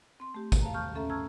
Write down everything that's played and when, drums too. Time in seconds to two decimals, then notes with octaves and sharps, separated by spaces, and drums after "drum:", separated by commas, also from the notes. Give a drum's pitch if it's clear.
0.20 C4 C6
0.34 A3 G4
0.52 drum: kick, tambourine
0.61 F5 A5 A#5
0.74 A5 C#6 F6 G6
0.95 C#4 A4 E5 A#5
1.10 A5 A#5 C#6 E6 F6 G#6